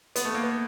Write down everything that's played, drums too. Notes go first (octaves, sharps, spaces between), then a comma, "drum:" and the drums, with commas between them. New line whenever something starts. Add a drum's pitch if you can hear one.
B3, drum: hi-hat
A3
A#3
B3